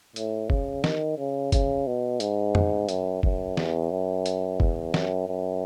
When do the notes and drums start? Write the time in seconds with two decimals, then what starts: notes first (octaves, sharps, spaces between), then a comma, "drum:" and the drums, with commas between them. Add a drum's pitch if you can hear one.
0.16 A2, drum: hi-hat
0.50 C#3, drum: kick
0.84 D#3, drum: snare
1.18 C#3
1.52 C#3, drum: kick, hi-hat
1.87 B2
2.20 G#2, drum: hi-hat
2.55 drum: tom F2
2.89 F#2, drum: hi-hat
3.23 F#2, drum: kick
3.57 E2, drum: snare
3.91 F#2
4.26 drum: hi-hat
4.60 E2, drum: kick
4.94 F#2, drum: snare
5.28 F#2